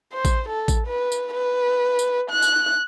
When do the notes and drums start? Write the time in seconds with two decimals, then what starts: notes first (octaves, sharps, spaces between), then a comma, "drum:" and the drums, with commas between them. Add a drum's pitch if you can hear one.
0.13 C5
0.25 drum: kick A1, tambourine
0.49 A4
0.68 drum: kick A1, tambourine
0.87 B4
1.12 drum: tambourine
1.34 B4
1.99 drum: tambourine
2.31 F#6
2.42 drum: tambourine